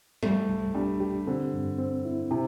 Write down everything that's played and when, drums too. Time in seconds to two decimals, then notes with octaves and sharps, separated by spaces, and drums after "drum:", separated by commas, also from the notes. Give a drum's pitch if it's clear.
0.23 G3 A3, drum: tom
0.49 C2
0.74 G3 D4
1.00 G4
1.27 D3 C4
1.54 G2
1.79 C4
2.05 E4
2.31 C3 E4